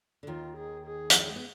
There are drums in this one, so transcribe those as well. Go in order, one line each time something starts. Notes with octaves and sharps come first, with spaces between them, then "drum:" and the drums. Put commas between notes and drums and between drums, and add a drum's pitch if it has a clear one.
D3
D#2 D#3 F4
G#4
G#4
F3, drum: hi-hat
G3
G#3
B3